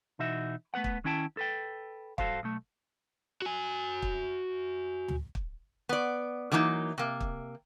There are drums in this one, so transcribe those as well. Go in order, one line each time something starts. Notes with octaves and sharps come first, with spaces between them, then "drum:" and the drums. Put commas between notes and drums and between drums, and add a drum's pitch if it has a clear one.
B2 E3 D#4 F#4 E5
A3 B3 B4 F#5
drum: kick
D#3 C#4 E4 G5 A5
A4 B4 G5
G2 F#4 A4 C5 F5, drum: kick
B1 A3
F#4 G#5
drum: kick
drum: tom
drum: kick
B3 D5
D3 E3 F#3 A#3 D#4
C3 A#3
drum: kick